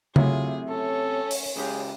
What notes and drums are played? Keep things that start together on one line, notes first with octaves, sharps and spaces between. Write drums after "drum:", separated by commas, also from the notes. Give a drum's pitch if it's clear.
C3 F#3 A3 E4 F4 G#4, drum: tom C#3
C#4 A4 C#5
drum: open hi-hat
C#2 C#3 G4 G#4